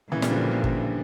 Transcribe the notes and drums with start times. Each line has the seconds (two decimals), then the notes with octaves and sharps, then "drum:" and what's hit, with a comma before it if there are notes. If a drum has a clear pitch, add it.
0.12 A#2 C#3 E3
0.22 G3, drum: snare
0.31 D3 F3
0.51 D3
0.64 drum: kick